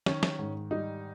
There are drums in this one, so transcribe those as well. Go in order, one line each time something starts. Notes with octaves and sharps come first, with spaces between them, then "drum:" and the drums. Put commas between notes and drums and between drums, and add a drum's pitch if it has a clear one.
D#3 C#4, drum: snare
drum: snare
G#2
G3 D#4